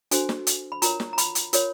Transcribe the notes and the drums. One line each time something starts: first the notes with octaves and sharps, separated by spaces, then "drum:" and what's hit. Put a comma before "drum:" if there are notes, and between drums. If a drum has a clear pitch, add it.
D4 F#4 A4 C5 G#5, drum: hi-hat
drum: snare
drum: hi-hat
B5
F4 A#4 C#5 A#5, drum: hi-hat
drum: snare
A#5
B5, drum: hi-hat
drum: hi-hat
F4 A#4 C#5, drum: hi-hat